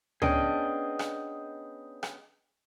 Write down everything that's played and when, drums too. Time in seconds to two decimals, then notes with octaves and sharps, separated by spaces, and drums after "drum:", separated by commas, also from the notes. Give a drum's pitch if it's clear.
0.22 B3 C#4 D4 G#4 D#5 G5 D#6 G6, drum: tom C#2
0.99 drum: rim click
2.03 drum: rim click